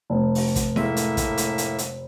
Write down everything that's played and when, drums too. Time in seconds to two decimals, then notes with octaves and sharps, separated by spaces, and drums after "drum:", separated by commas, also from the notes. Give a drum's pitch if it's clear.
0.10 F1
0.35 drum: open hi-hat
0.56 drum: kick, hi-hat
0.76 A2 G#3 A#3 E5, drum: snare E4
0.97 drum: hi-hat
1.17 drum: kick, hi-hat
1.37 drum: hi-hat
1.58 drum: hi-hat
1.78 drum: hi-hat